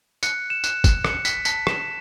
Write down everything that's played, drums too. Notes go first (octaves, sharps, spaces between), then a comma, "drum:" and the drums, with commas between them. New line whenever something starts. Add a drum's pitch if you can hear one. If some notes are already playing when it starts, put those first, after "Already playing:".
F#6 C#7, drum: tambourine
E7
F#6, drum: tambourine
drum: kick, tambourine
F#6 C#7, drum: rim click
B6, drum: tambourine
A5 B6, drum: tambourine
E7, drum: rim click